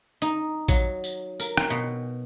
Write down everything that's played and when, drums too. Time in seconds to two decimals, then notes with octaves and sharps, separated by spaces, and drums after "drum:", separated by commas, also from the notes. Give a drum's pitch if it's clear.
0.22 D#4
0.68 F#3, drum: kick, tambourine
1.04 drum: tambourine
1.40 A#4, drum: tambourine
1.58 drum: rim click
1.70 B2